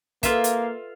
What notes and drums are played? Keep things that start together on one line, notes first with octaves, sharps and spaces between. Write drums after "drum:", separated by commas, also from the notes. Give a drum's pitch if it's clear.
A#3 F4 A4 B4 E5 F5, drum: kick, hi-hat
drum: hi-hat